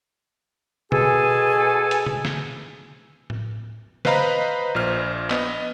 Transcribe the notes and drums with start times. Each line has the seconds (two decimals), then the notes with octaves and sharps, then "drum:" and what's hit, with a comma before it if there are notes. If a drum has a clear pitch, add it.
0.92 B2 G#4 A4 G#5, drum: tom B2
1.91 drum: hi-hat
2.06 drum: tom B2
2.25 drum: snare
3.30 drum: tom A2
4.05 B4 C5 D#5 F5 A#5 B5, drum: snare
4.75 A#1 A#2 C5 F6
5.31 B3 D#5, drum: clap